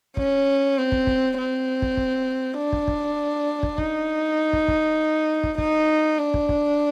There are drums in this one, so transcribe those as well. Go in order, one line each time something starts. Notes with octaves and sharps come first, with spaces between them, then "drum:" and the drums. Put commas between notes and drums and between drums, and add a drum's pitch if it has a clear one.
C#4, drum: kick
C4
drum: kick
drum: kick
C4
drum: kick
drum: kick
D4
drum: kick
drum: kick
drum: kick
D#4, drum: kick
drum: kick
drum: kick
drum: kick
D#4, drum: kick
D4
drum: kick
drum: kick